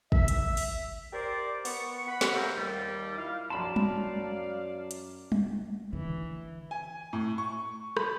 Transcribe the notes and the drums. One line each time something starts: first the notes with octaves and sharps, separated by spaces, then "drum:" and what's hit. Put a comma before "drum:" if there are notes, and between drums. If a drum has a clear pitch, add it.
E5, drum: kick
drum: hi-hat
drum: open hi-hat
G4 A#4 C5 D5
B3 C#6, drum: open hi-hat
F#5 B5
drum: snare
C3 A#3 A#4 C5 E6
D#2 G3
E4 F4 F5
A#1 F#2 D5 F5 A5 B5 C6
drum: tom
drum: hi-hat
drum: tom
D3 E3
G#5
A2
C#6
B5, drum: rim click